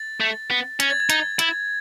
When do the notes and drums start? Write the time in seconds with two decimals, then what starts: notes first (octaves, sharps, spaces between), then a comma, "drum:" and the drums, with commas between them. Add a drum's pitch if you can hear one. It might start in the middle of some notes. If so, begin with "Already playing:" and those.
Already playing: A6
0.20 A3
0.50 B3
0.80 C#4 G#6, drum: hi-hat
0.90 A6
1.00 G#6
1.10 D#4, drum: hi-hat
1.39 E4, drum: hi-hat